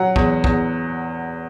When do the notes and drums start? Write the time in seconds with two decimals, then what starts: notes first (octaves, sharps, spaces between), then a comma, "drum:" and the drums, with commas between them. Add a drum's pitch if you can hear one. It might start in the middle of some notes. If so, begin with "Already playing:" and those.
Already playing: F#3 F#5
0.16 E2, drum: kick
0.44 E2, drum: kick